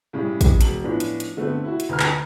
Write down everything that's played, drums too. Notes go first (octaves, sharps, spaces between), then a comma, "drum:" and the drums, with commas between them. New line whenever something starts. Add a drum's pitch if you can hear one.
A2 C#3 G3
drum: kick, hi-hat
E1 F#7, drum: hi-hat
A2 F3 B3 C#4 D4
drum: hi-hat
drum: hi-hat
D3 A3 B3 C4
E4 F#4
drum: hi-hat
D2 B4 A#5 F6
drum: clap